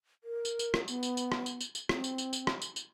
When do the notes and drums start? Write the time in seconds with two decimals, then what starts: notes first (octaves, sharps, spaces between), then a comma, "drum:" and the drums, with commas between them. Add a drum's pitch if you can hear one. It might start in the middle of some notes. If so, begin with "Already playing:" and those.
0.24 A#4
0.45 drum: tambourine
0.59 drum: tambourine
0.74 drum: rim click
0.88 B3, drum: tambourine
1.03 drum: tambourine
1.17 drum: tambourine
1.32 drum: rim click
1.46 drum: tambourine
1.61 drum: tambourine
1.75 drum: tambourine
1.89 C4, drum: rim click
2.04 drum: tambourine
2.18 drum: tambourine
2.33 drum: tambourine
2.47 drum: rim click
2.62 drum: tambourine
2.76 drum: tambourine